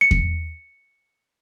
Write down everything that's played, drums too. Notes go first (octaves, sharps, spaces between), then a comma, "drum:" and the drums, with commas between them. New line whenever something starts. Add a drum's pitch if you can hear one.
C#7
drum: kick E2